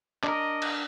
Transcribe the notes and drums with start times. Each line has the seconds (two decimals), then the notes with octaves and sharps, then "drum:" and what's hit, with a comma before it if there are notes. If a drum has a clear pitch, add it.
0.24 D4 A#4 D#5, drum: clap
0.62 drum: cymbal